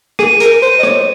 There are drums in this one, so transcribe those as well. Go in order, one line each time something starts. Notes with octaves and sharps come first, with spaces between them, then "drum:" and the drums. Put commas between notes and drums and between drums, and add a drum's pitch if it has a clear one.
G#4 D#7, drum: rim click
A#4, drum: hi-hat
C5 D#7
D#5
C#5, drum: rim click